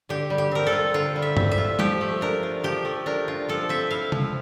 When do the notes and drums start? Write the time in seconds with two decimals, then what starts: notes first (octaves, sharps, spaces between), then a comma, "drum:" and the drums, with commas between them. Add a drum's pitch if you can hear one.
0.09 D3 G4
0.30 G3
0.38 G4
0.52 C4 A#4
0.67 A4
0.73 F4
0.94 D3 F4
1.16 G3
1.22 E5
1.37 C4, drum: tom G2
1.51 E5
1.58 F4
1.79 F3 G4, drum: tom G3
2.01 A3
2.21 D4 A#4
2.43 F4
2.64 F3 G4
2.85 A3
3.06 D4 A#4
3.28 F4
3.49 F3 A4
3.69 C4 E5
3.91 E4 F5
4.12 F3, drum: tom